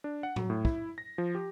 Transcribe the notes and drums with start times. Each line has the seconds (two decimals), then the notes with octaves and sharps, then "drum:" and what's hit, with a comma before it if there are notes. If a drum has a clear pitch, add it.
0.04 D4
0.23 F#5
0.36 F#3, drum: tom A2
0.50 A2
0.65 E4, drum: kick
0.98 A#6
1.18 F3
1.35 G4